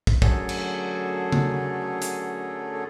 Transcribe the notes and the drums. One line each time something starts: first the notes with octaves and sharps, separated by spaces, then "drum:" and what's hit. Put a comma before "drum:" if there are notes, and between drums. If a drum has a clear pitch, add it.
drum: kick
F#2 D3 F#3 A3 G#4 A4, drum: kick
drum: cymbal
drum: tom C#3
drum: hi-hat